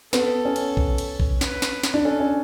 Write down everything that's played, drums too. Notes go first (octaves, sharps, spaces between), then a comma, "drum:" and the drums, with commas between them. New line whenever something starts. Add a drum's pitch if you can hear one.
B3 A4, drum: snare
C#4
drum: cymbal
drum: kick
drum: cymbal
drum: kick
B4, drum: snare
drum: snare
drum: snare
D4
C#4 A4
C#4